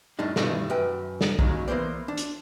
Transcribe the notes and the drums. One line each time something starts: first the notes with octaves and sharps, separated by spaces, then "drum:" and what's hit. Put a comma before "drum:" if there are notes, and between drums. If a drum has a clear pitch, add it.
F#2 A2 G3 D4 D#4
G2 B2 D#3 E3 A3, drum: snare
F#2 B4 G5
drum: snare
D#2 C#3 F#3 G#3 A#5, drum: kick
E3 A#3 B3 C5 D5
D4
drum: hi-hat